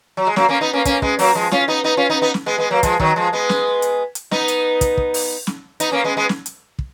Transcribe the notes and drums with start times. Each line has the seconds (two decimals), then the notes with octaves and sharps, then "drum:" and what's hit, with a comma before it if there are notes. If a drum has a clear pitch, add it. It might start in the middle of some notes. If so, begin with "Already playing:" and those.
0.17 F#3
0.27 G#3
0.36 F#3 A#3, drum: snare
0.49 A#3 C#4
0.61 B3 D#4
0.73 A#3 C#4
0.85 A#3 C#4, drum: kick, hi-hat
1.02 G#3 B3, drum: kick
1.19 F#3 A#3, drum: open hi-hat
1.35 F3 G#3
1.51 C#4 F4, drum: snare
1.68 B3 D#4
1.84 B3 D#4
1.97 C#4 F4
2.10 B3 D#4
2.21 B3 D#4
2.34 drum: snare
2.46 G#3 B3
2.58 G#3 B3
2.70 F#3 A#3
2.83 F3 G#3, drum: kick, hi-hat
3.00 D#3 F#3, drum: kick
3.16 F3 G#3
3.33 G#3 B3
3.49 drum: snare
3.82 drum: hi-hat
4.15 drum: hi-hat
4.31 B3 D#4, drum: snare
4.48 drum: hi-hat
4.81 drum: kick, hi-hat
4.97 drum: kick
5.14 drum: open hi-hat
5.47 drum: snare
5.80 B3 D#4, drum: hi-hat
5.92 A#3 C#4
6.04 G#3 B3
6.17 G#3 B3
6.29 drum: snare
6.46 drum: hi-hat
6.79 drum: kick